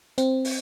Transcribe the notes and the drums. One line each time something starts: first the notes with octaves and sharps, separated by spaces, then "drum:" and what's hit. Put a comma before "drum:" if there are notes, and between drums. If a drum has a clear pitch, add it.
C4, drum: hi-hat
drum: open hi-hat